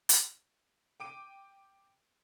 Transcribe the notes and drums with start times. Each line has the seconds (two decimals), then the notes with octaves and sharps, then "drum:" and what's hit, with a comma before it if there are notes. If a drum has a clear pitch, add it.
0.09 drum: hi-hat
1.00 G5 D6 D7 D#7